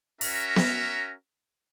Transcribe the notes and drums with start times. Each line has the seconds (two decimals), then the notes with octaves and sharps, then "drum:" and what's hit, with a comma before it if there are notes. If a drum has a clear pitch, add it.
0.21 C#4 F#4 A#4 E5 A#5, drum: open hi-hat
0.56 drum: snare B3